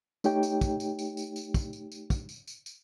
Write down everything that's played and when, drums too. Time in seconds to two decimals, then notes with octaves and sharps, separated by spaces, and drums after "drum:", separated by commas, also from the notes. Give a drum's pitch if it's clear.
0.24 A3 D#4 G4 C#5 G5, drum: tambourine
0.43 drum: tambourine
0.61 drum: kick, tambourine
0.80 drum: tambourine
0.99 drum: tambourine
1.17 drum: tambourine
1.36 drum: tambourine
1.54 drum: kick, tambourine
1.73 drum: tambourine
1.92 drum: tambourine
2.10 drum: kick, tambourine
2.29 drum: tambourine
2.47 drum: tambourine
2.66 drum: tambourine